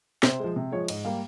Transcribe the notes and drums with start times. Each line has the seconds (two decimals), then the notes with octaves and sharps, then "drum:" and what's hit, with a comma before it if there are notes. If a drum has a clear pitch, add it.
0.23 C3 C5, drum: snare
0.40 F3 G#3
0.56 C3
0.72 F3 G#3 C#5
0.88 G#2 D#5, drum: cymbal
1.05 G3 A#3 F5